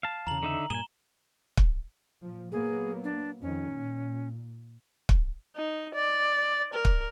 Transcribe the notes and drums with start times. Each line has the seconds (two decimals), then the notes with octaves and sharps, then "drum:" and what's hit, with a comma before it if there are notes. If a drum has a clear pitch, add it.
0.03 F5 A5
0.27 E2 C#3 A#5 F#7
0.43 D3 D#4 E5
0.70 G2 A#2 G#4 G#5 E7 G7
1.57 drum: kick
2.22 A#2 F3
2.52 F#3 A#3 B3 G#4
3.04 D4
3.42 F2 D#3 C#4
3.72 A#2
5.09 drum: kick
5.56 D#4
5.95 D5
6.74 A#4
6.85 drum: kick